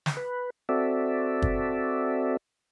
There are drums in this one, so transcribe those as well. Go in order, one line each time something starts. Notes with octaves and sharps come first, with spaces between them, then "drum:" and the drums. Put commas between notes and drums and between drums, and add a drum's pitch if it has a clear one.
drum: snare
B4
C4 F#4 A4 D5 E5
drum: kick